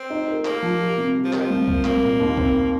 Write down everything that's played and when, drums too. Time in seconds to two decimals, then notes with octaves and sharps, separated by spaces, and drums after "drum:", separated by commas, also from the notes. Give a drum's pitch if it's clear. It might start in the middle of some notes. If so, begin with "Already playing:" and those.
Already playing: C4
0.10 D#4
0.28 A#4
0.45 A#3 A#4, drum: clap
0.63 F3
0.81 G4
0.98 C3
1.15 G3
1.24 F3
1.33 D#3 G4, drum: clap
1.41 F3
1.50 C2
1.68 A#3, drum: kick
1.84 C2 A#3, drum: clap
2.02 A#2
2.20 D#2
2.37 C4, drum: kick